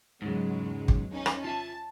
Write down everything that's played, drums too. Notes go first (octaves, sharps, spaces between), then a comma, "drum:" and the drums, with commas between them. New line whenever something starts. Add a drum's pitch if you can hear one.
E2 G#2 C#3 F#3 G#3
drum: kick
C#4 D#4
drum: rim click
F4 E5 G#5 A5